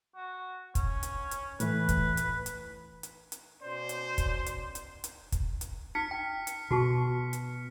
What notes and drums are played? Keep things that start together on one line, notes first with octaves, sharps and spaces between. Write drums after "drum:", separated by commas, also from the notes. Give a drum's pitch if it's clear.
F#4
C#4, drum: kick, hi-hat
drum: hi-hat
drum: hi-hat
A2 E3 B4, drum: hi-hat
drum: kick, hi-hat
drum: hi-hat
drum: hi-hat
drum: hi-hat
drum: hi-hat
B2 C#4 C5 D5
drum: hi-hat
drum: kick, hi-hat
drum: hi-hat
drum: hi-hat
drum: hi-hat
drum: kick, hi-hat
drum: hi-hat
D#4 F6 B6 C#7
G5
drum: hi-hat
B2 F#4 A5 C#6
drum: hi-hat